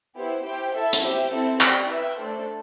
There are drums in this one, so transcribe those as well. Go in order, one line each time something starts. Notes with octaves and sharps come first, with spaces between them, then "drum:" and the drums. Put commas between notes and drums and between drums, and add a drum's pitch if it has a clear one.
B3 E4 G4 C5
E4 G4 C5 G5
E4 A4 E5
drum: hi-hat
G4 C5 E5
C4 E4 A4 C5
G4 D5 G5, drum: clap
E4 B4 E5 G5
A3 D4 A4 C5